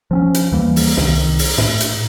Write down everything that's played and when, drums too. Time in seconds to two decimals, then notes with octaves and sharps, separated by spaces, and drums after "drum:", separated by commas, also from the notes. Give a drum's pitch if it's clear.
0.11 F3 C4 C#4
0.34 drum: hi-hat
0.52 D#2 E3 G3 A#3
0.76 drum: open hi-hat
0.97 C2 D#3, drum: snare
1.39 drum: open hi-hat
1.58 A2, drum: snare
1.80 drum: hi-hat